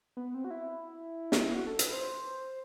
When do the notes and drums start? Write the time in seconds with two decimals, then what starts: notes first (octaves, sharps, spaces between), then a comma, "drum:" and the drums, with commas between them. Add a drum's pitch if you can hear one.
0.17 B3
0.34 C4
0.44 F#4
0.50 E4
1.32 drum: snare
1.54 F#4
1.67 A4
1.79 B4, drum: hi-hat
1.93 C5